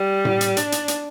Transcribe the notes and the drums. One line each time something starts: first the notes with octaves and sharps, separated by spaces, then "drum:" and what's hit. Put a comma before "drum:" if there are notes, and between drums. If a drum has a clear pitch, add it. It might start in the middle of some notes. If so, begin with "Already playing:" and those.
Already playing: G3
drum: tom A2
drum: hi-hat
D4, drum: hi-hat
drum: hi-hat
drum: hi-hat